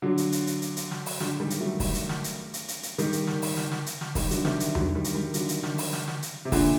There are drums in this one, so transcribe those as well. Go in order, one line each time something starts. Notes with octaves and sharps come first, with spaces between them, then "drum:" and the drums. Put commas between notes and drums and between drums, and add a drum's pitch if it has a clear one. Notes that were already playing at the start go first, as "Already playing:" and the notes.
D3 F#3
drum: hi-hat
drum: hi-hat
drum: hi-hat
drum: hi-hat
drum: hi-hat
drum: snare
drum: open hi-hat
D3 F#3, drum: snare
D#3 G3
drum: hi-hat
F#3 A3
drum: kick, open hi-hat
drum: hi-hat
drum: snare
drum: hi-hat
drum: hi-hat
drum: hi-hat
drum: hi-hat
D#3 G3, drum: hi-hat
drum: hi-hat
drum: snare
drum: open hi-hat
drum: snare
drum: snare
drum: hi-hat
drum: snare
D#3 G3, drum: kick, open hi-hat
D3 F#3, drum: hi-hat
C3 D#3, drum: snare
drum: hi-hat
D3 F#3, drum: tom E2
D#3 G3
drum: hi-hat
D#3 G3
D3 F#3, drum: hi-hat
drum: hi-hat
drum: snare
drum: open hi-hat
drum: snare
drum: snare
drum: hi-hat
C3
A#2 D3, drum: kick, open hi-hat